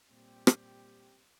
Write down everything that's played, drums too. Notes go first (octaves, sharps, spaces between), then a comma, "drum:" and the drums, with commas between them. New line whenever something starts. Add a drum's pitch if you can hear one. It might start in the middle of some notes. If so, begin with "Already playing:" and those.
A#2 G3 C4 G4
drum: rim click